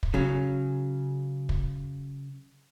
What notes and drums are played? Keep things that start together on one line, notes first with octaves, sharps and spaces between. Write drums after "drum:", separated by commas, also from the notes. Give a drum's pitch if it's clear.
drum: kick
C#3 F#3
drum: kick